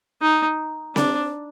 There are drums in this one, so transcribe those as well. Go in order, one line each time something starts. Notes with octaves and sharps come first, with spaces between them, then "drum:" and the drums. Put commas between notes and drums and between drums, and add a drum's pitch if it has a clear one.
D#4
D4, drum: snare C4